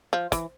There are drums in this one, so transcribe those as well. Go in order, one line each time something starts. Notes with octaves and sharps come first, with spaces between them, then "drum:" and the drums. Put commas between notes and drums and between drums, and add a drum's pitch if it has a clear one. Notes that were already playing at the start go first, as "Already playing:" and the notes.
F3
E3, drum: kick, hi-hat